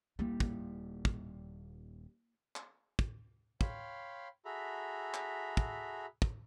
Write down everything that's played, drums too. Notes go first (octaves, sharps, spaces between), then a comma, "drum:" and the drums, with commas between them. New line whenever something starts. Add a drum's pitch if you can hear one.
D#1 G3 A#3 E4
drum: kick
drum: kick
drum: clap
drum: kick
C#5 F5 G5 B5 C6, drum: kick
F#4 G#4 A4 E5 A#5 B5
drum: clap
drum: kick
drum: kick